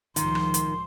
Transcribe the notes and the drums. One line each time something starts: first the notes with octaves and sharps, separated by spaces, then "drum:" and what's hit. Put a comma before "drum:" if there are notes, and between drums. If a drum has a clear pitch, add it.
C#2 A2 D#3 F3 C6, drum: hi-hat
drum: rim click
drum: hi-hat